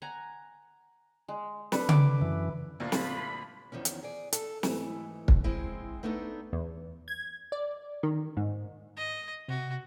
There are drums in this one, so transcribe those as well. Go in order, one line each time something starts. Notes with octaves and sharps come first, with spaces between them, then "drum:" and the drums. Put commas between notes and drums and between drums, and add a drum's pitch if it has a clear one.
F#5 G#5 A#5
G#3
D4 A4 B4, drum: snare
D6, drum: tom C#3
F#2 E3
D2 A#2 D4 F4 B5
drum: snare
E2 D#3 F3 C#4
drum: hi-hat
G#4 D5
A4, drum: hi-hat
G#2 E3 A3, drum: snare
drum: kick
G#3 C4 E4
A3 B3 D4 D#4 A4
E2
G#6
D5
D#3
G#2
D#5
C3 F#4